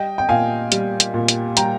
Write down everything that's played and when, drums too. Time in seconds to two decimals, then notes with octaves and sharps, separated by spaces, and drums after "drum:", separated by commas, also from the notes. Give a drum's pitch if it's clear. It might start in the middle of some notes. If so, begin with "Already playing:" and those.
Already playing: G3 D#5 G5
0.18 G5
0.29 A#2 F5 G#5
0.72 G3, drum: hi-hat
1.00 drum: hi-hat
1.14 A#2
1.28 drum: hi-hat
1.57 G3 G5 A#5, drum: hi-hat